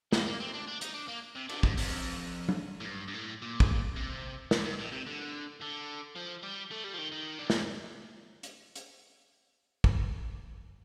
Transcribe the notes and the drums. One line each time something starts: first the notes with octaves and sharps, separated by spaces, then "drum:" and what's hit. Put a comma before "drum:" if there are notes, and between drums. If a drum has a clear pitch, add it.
A#3, drum: snare
A#3
C4
D4
D4
D#4, drum: hi-hat
D4
A#3
C3
D3, drum: cymbal
G2, drum: kick
F2, drum: open hi-hat
drum: tom F#3
A2
G2
G2
A2
A#2
drum: kick
C3
A#2, drum: snare
G2
A2
C3
D3
D3
F3
G3
A3
G3
F3
D#3
D#3
D4
C4, drum: snare
drum: hi-hat
drum: hi-hat
drum: kick